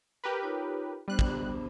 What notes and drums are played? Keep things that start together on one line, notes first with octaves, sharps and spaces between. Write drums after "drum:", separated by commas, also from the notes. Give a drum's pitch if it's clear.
G4 A#4 B4
D#4 F4 C#5
G3 B3 D4 C5 F#6
drum: kick